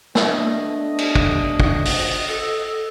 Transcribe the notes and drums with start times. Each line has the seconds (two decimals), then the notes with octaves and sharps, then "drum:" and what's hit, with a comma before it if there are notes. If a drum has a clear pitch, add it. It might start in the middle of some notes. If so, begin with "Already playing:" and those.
0.15 A3 B3 D4 D#5, drum: snare
0.98 drum: cymbal
1.15 drum: kick
1.60 drum: kick
1.85 drum: open hi-hat
2.28 A4